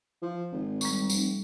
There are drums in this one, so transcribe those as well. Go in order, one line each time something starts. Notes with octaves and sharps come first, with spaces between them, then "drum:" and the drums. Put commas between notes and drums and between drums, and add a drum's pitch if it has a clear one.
F3
G#1
G3 A#5 C#6, drum: tambourine
F1, drum: tambourine